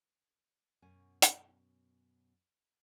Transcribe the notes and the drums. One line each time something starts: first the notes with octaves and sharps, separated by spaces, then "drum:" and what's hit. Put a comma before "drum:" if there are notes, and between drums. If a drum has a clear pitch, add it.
F#2 B2 C#4 G#5
drum: hi-hat